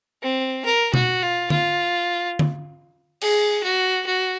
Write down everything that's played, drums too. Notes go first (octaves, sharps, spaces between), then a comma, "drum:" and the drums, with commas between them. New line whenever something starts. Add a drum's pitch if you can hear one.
C4
A#4
F#4, drum: tom B2
F4
F4, drum: tom D3
drum: tom D3
G#4, drum: cymbal
F#4
F#4